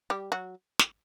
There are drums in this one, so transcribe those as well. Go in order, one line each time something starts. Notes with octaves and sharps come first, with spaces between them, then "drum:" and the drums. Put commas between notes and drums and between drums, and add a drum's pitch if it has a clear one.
G3 G4
F#3 F#4
drum: snare